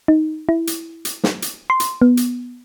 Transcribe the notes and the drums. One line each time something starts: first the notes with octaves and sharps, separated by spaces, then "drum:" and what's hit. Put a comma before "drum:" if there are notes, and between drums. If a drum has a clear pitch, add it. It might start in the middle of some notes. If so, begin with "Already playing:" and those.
D#4
E4
drum: hi-hat
drum: hi-hat
drum: snare
drum: hi-hat
C6
drum: hi-hat
B3
drum: hi-hat